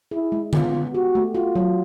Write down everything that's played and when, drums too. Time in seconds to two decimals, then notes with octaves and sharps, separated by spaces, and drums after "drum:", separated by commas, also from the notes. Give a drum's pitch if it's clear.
0.11 E4 G#4
0.32 G#3
0.53 B3 F4, drum: tom D3
0.74 B3
0.94 F#4 G4
1.15 A3
1.35 F4 F#4
1.55 F#3